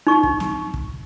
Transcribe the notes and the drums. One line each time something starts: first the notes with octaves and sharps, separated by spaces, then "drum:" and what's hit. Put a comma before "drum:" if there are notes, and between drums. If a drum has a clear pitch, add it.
D#4 C#6
drum: kick
drum: snare
drum: kick